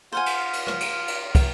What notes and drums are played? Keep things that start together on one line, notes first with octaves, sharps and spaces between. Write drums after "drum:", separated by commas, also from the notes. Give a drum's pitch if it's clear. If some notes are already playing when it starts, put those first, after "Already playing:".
F4 C5 F#5 G#5 F6
drum: cymbal
drum: cymbal
drum: rim click
drum: cymbal
drum: cymbal
drum: kick, cymbal